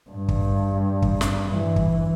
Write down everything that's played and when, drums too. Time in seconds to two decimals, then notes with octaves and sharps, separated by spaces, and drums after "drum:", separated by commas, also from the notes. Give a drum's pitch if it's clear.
0.10 G2
0.28 drum: kick
1.02 drum: kick
1.21 drum: snare
1.52 E3
1.76 drum: kick